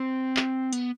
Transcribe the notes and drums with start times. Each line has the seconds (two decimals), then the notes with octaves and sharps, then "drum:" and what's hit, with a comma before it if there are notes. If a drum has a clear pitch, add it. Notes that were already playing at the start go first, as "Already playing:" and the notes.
Already playing: C4
0.37 drum: clap
0.73 B3, drum: hi-hat